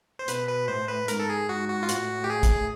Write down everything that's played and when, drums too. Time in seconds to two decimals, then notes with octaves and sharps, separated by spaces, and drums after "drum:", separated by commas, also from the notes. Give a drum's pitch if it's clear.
0.19 C5
0.28 B2 B4, drum: hi-hat
0.48 B4
0.68 A2 C5
0.88 B4
1.08 G#2 A#4, drum: hi-hat
1.20 A4
1.29 G#4
1.49 G#2 F#4
1.69 F#4
1.83 F4
1.89 A2 F#4, drum: hi-hat
2.24 G4
2.30 G#4
2.43 drum: kick A1, hi-hat